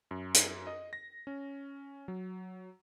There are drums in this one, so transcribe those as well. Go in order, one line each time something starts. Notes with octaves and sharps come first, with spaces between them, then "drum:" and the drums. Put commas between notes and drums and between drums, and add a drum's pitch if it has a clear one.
F#2
drum: hi-hat
D#5
A#6
C#4
F#3